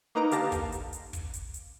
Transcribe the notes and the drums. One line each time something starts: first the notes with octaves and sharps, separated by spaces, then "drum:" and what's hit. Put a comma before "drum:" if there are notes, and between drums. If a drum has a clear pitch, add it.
A#3 D#4 B4 A#5 D7
D3 G4 F5 A5 A#6, drum: hi-hat
drum: kick, hi-hat
drum: hi-hat
drum: hi-hat
drum: kick, hi-hat
drum: hi-hat
drum: hi-hat